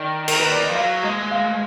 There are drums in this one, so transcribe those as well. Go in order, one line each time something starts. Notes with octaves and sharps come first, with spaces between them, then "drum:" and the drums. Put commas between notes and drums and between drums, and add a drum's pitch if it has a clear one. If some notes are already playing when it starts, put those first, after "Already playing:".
Already playing: D#3 D5
A#4, drum: cymbal
B4
D5
D#5
F3
F#3 F5
G#3 D#5
F5